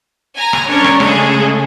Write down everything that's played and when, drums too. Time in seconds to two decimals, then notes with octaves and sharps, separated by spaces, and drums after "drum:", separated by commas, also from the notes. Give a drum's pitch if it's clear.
0.36 G#5 A#5
0.53 drum: rim click
0.67 G3 C#4 D4 A#4 C#5
0.84 drum: rim click
1.00 C#3 G#3 A3 G#4 A4, drum: rim click